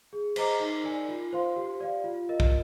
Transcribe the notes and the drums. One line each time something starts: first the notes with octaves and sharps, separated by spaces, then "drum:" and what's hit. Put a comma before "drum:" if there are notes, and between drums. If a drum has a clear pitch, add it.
G#4
C5 D#5 A#5 D6, drum: cymbal
D#4
A#4 D5 G#5
F4
C5 F5 C6
G4
D5 F5
F4
A#4 D#5
drum: kick